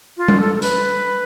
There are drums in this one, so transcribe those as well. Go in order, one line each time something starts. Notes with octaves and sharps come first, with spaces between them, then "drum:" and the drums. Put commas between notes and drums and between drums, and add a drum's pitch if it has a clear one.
F4
drum: tom G3
A4
A4
B4, drum: hi-hat